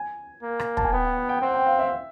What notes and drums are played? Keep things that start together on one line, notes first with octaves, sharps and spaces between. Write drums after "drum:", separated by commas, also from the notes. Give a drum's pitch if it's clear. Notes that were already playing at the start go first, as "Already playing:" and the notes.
Already playing: G#5
A#3
drum: rim click
A5, drum: kick
G#5
B3 G5
F#5
G5
G5
C4 F#5
G5
F5
E5